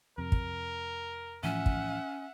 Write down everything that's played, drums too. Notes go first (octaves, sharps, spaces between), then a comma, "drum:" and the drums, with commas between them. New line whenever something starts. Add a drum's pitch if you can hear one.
F2 C3 A#4
drum: kick
A2 E3 F3 C#4 E5 F#5
drum: kick